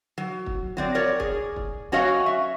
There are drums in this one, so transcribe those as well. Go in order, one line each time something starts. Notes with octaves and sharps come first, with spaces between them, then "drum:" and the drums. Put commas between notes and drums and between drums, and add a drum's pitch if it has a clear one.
F#3
drum: kick
F#3 C4 D5
A#4 C#5 D5
G#4, drum: kick
drum: kick
F#3 C#4 F#4 C#5 D#5 F5
E5